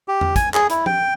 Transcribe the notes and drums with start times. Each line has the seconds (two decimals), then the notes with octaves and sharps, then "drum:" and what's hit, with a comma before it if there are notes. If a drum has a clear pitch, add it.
0.08 G4
0.21 drum: tom E2
0.36 G#5, drum: kick, hi-hat
0.54 G#4, drum: clap
0.70 E4, drum: hi-hat
0.86 G5, drum: tom F3